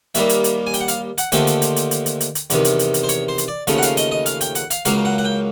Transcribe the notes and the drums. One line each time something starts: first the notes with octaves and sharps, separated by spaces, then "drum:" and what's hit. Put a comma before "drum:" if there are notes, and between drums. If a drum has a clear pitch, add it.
D#2 D#3 G3 A#3 E5, drum: hi-hat
drum: hi-hat
drum: hi-hat
G#5
G5, drum: hi-hat
F#5
F5, drum: hi-hat
F#5, drum: hi-hat
D#2 D3 F3 A3 C4 G5, drum: hi-hat
drum: hi-hat
drum: hi-hat
drum: hi-hat
drum: hi-hat
drum: hi-hat
drum: hi-hat
drum: hi-hat
E2 C3 D#3, drum: hi-hat
drum: hi-hat
drum: hi-hat
drum: hi-hat
C5
C#5, drum: hi-hat
C5
drum: hi-hat
D5
D#2 C#3 F3 A3, drum: hi-hat
F#5
F5, drum: hi-hat
D#5, drum: hi-hat
D#5
F5, drum: hi-hat
G5, drum: hi-hat
F#5, drum: hi-hat
F5, drum: hi-hat
C#2 C#3 F#3 A#3 F5, drum: hi-hat
F#5
F#5
G5